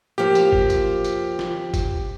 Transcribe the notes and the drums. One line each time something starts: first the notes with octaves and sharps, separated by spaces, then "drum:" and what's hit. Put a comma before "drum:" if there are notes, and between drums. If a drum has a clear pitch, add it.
F3 A#3 G4
drum: tambourine
drum: kick
drum: tambourine
drum: tambourine
drum: snare
drum: kick, tambourine